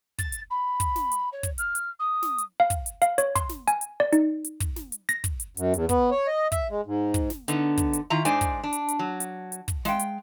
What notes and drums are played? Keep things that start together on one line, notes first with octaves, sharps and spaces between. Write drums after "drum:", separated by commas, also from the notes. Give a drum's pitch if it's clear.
A6, drum: kick, hi-hat
drum: hi-hat
B5
drum: kick, hi-hat
drum: snare
drum: hi-hat
C#5
drum: kick, hi-hat
F6, drum: hi-hat
drum: hi-hat
D#6
drum: snare
drum: hi-hat
F5
drum: kick, hi-hat
drum: hi-hat
F5, drum: hi-hat
C#5, drum: hi-hat
C6, drum: kick, hi-hat
drum: snare
G#5, drum: hi-hat
drum: hi-hat
D5
D#4, drum: hi-hat
drum: hi-hat
drum: kick, hi-hat
drum: snare
drum: hi-hat
A#6, drum: hi-hat
drum: kick, hi-hat
drum: hi-hat
F#2, drum: hi-hat
E2, drum: hi-hat
B3, drum: kick, hi-hat
C#5
D#5
E5, drum: kick, hi-hat
G#3
G#2
drum: kick, hi-hat
drum: snare
D3 B3 D#4, drum: hi-hat
drum: kick, hi-hat
drum: hi-hat
D#3 E4 F4 A#5
G#2 G#3 D4 C5 D5 G#5, drum: hi-hat
drum: kick, hi-hat
D4
drum: hi-hat
drum: hi-hat
F#3
drum: hi-hat
drum: hi-hat
drum: kick, hi-hat
G#3 F5 G5, drum: snare
drum: hi-hat